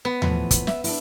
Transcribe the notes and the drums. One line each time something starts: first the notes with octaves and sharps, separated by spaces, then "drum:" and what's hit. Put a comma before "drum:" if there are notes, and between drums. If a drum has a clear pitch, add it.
B3
A2 E3 F3, drum: tom D#2
drum: kick, hi-hat
E5, drum: snare
D4 E4, drum: open hi-hat